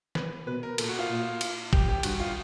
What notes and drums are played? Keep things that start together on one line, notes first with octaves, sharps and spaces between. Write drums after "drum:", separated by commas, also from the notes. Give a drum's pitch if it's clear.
B4, drum: snare
B2 B4
A#4
A#2 A4, drum: cymbal
F#4
F4
A#2
drum: cymbal
G4, drum: kick
G4
G2 F#4, drum: cymbal
F4